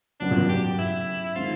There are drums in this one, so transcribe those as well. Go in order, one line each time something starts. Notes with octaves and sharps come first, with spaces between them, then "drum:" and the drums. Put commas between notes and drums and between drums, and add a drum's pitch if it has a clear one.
C#3 F#3 B3 D4
drum: tom
G4
E4
D#3 G#3 C4 F4